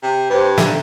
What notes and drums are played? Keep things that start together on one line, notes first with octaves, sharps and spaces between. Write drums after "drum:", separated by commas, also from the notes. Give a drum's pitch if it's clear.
C3
G2 B4 C5
D3 E5 A#5, drum: snare